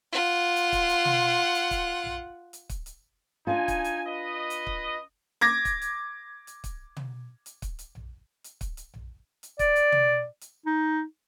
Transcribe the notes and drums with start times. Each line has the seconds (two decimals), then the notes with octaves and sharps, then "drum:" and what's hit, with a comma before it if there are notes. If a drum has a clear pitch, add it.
0.12 F4 F#5
0.56 drum: hi-hat
0.72 drum: kick, hi-hat
0.89 drum: hi-hat
1.05 drum: tom
1.55 drum: hi-hat
1.71 drum: kick, hi-hat
2.04 drum: tom A#1
2.53 drum: hi-hat
2.69 drum: kick, hi-hat
2.86 drum: hi-hat
3.47 D4 D#4 F4 G#5
3.68 drum: kick, hi-hat
3.84 drum: hi-hat
4.07 B4 D#5
4.50 drum: hi-hat
4.67 drum: kick
5.41 D6 G#6 A#6
5.65 drum: kick, hi-hat
5.82 drum: hi-hat
6.47 drum: hi-hat
6.64 drum: kick, hi-hat
6.97 drum: tom
7.46 drum: hi-hat
7.62 drum: kick, hi-hat
7.79 drum: hi-hat
7.95 drum: tom A#1
8.44 drum: hi-hat
8.61 drum: kick, hi-hat
8.77 drum: hi-hat
8.94 drum: tom A#1
9.43 drum: hi-hat
9.59 D5, drum: kick, hi-hat
9.76 drum: hi-hat
9.92 drum: tom
10.41 drum: hi-hat
10.66 D#4